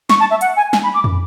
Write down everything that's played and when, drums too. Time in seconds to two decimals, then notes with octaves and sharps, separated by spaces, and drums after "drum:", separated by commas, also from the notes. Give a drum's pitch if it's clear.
0.10 C#6, drum: snare
0.20 A5
0.30 E5
0.41 F#5, drum: hi-hat
0.57 G#5
0.73 G#5, drum: snare
0.83 B5
0.94 D6
1.04 drum: tom